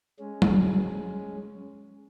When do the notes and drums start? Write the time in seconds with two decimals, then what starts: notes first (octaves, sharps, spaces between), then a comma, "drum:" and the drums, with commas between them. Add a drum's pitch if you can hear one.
0.19 G#3 C#4
0.42 drum: tom